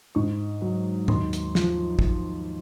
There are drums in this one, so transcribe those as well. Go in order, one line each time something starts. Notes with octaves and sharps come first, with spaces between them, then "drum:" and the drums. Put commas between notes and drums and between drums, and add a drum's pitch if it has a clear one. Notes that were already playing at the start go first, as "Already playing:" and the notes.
G#2 C#6
F#3
D#2 C6, drum: tom G#2
drum: hi-hat
F3, drum: snare
drum: kick